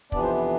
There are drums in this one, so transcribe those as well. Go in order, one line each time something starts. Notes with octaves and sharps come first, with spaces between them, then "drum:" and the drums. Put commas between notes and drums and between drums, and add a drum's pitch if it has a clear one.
F2 C3 E3 B3 D4 D5, drum: kick
C5
E4